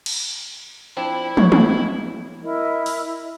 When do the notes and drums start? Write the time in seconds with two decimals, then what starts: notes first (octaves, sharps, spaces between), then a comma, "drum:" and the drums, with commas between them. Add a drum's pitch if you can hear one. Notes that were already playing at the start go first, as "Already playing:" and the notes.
0.06 drum: cymbal
0.97 F3 C4 D4 E4
1.37 G#2 C#5, drum: tom
1.52 drum: tom
2.43 E4 A#4 D#5
2.86 drum: open hi-hat